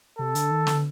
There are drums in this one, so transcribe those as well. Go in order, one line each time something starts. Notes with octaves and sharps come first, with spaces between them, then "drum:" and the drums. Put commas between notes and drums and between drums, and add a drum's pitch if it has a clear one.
C3 A4
D3, drum: hi-hat
D#3
D3, drum: snare